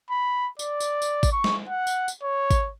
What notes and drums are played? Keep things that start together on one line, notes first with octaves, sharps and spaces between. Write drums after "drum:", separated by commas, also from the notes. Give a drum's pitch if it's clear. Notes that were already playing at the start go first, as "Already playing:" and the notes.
B5
D5, drum: tambourine
drum: tambourine
drum: tambourine
drum: kick G#1, tambourine
C#6
drum: snare G#3
F#5
drum: tambourine
drum: tambourine
C#5
drum: kick G#1, tambourine